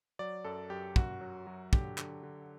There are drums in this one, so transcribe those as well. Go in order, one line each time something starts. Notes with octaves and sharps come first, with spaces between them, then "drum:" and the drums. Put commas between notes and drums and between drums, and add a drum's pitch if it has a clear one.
F#3 D5
F#2 A4
F#2 G4
F#2 F#4, drum: kick
F#3
F#3
D3 G4, drum: kick
D3, drum: clap
D3